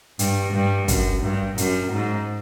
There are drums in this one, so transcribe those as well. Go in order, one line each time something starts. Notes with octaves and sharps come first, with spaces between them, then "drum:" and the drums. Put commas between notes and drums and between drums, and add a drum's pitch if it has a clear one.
G2, drum: hi-hat
G2
F#2, drum: kick, hi-hat
G2
F#2, drum: hi-hat
G#2